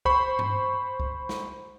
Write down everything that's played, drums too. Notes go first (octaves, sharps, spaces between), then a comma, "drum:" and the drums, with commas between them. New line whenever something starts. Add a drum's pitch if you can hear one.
C5 B5 C#6, drum: kick
drum: tom G2
drum: kick
drum: snare